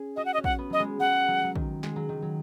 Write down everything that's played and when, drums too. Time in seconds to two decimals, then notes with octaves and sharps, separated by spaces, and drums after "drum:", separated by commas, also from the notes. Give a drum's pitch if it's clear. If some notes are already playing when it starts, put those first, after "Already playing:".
Already playing: C#4 G#4
0.16 F#4 D#5
0.25 F#5
0.34 D#5
0.38 C#4
0.44 F#5, drum: kick
0.59 B3
0.70 F#3 D#5
0.80 G#3
1.00 G#3 F#5
1.28 F#3
1.44 F#3
1.56 D#3, drum: kick
1.83 G#3, drum: snare
1.96 F#3
2.09 D#3
2.22 F#3